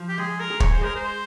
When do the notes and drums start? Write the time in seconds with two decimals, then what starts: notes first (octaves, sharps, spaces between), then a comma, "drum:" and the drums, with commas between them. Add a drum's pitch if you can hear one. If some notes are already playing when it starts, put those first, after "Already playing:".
Already playing: F3
0.09 G4
0.18 G#3 G#4
0.40 A#4
0.50 G#4
0.60 C#5, drum: kick
0.73 C5
0.81 G#3 A#4
0.96 C5